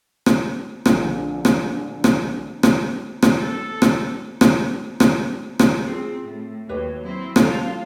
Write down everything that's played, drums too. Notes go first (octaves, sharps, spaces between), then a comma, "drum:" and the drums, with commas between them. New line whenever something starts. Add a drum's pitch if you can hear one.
drum: rim click
A#1 D3, drum: rim click
drum: rim click
drum: rim click
drum: rim click
drum: rim click
A4
drum: rim click
drum: rim click
drum: rim click
drum: rim click
C4 F4 G#4
A2
D#2 F#3 G4 B4 C#5
F#3 C4 E4
E4 F4 A4 C#5 A5, drum: rim click